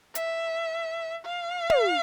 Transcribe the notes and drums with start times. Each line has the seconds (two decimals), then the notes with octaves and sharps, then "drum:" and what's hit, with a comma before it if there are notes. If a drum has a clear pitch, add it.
0.15 E5, drum: hi-hat
1.25 F5
1.70 drum: tom